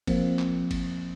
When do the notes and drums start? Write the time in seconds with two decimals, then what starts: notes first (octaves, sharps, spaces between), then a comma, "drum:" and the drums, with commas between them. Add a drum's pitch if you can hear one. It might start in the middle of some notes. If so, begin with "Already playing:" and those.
0.07 F3 A#3 C4, drum: kick G1, cymbal
0.39 drum: clap
0.71 drum: kick G1, cymbal